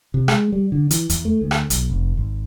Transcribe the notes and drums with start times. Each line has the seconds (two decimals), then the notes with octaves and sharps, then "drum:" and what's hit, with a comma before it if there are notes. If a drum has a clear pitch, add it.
0.14 C3
0.28 G#3, drum: rim click
0.52 G3
0.72 D3
0.91 E3, drum: hi-hat
1.10 E2, drum: hi-hat
1.25 A3
1.41 D2
1.51 drum: rim click
1.70 B1, drum: hi-hat
1.89 F1
2.17 G#1